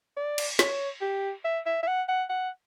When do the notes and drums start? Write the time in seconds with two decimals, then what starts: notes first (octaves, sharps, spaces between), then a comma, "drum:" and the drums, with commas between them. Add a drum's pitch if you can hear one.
0.17 D5
0.38 drum: cymbal
0.59 C#5, drum: snare
1.01 G4
1.44 E5
1.66 E5
1.83 E5
1.87 F#5
2.08 F#5
2.29 F#5